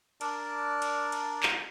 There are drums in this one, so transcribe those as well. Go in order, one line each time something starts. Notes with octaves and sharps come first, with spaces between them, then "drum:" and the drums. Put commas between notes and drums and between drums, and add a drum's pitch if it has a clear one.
D4 A#4 D5 A5, drum: cymbal
drum: cymbal
drum: cymbal
drum: clap